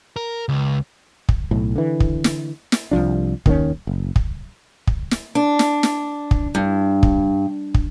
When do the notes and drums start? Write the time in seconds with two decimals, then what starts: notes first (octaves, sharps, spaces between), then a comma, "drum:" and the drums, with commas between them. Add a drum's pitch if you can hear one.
0.16 A#4
0.49 C#2
1.29 drum: kick
1.51 B1 A2
1.76 D3 E3
2.00 drum: kick
2.24 drum: snare
2.72 drum: snare
2.91 C2 F2 F3 D4
3.46 D#2 D#3 G#3 C#4, drum: kick
3.87 F#1
4.16 drum: kick
4.87 drum: kick
5.11 drum: snare
5.35 D4
5.59 drum: snare
5.83 drum: snare
6.31 drum: kick
6.55 G2
7.03 drum: kick
7.74 drum: kick